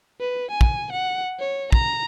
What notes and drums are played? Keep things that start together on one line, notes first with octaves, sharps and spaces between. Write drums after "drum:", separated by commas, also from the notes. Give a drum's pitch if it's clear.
B4
G#5
drum: kick
F#5
C#5
A#5, drum: kick